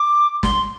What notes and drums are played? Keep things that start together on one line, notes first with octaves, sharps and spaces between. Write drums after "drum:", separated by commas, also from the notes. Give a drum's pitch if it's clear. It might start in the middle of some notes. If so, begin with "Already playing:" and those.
Already playing: D6
C6, drum: snare